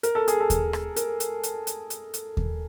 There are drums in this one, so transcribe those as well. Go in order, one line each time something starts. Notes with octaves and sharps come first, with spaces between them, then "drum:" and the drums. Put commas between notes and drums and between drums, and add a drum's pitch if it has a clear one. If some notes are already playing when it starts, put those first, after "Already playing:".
A#4, drum: hi-hat
A4
G#4, drum: hi-hat
A4
drum: kick D#2, hi-hat
drum: rim click
A#4, drum: hi-hat
drum: hi-hat
drum: hi-hat
drum: hi-hat
drum: hi-hat
drum: hi-hat
drum: kick D#2